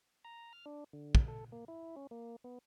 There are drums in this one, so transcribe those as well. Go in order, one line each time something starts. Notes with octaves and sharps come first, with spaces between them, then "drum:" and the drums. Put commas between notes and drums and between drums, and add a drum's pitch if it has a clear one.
A#5
F6
D4
D3
drum: kick
A4
A#3
E4
C#4
A#3
B3